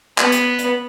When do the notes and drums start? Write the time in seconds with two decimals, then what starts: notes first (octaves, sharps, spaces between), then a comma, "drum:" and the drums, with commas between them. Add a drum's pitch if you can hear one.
0.18 B3, drum: clap
0.32 drum: hi-hat
0.59 drum: hi-hat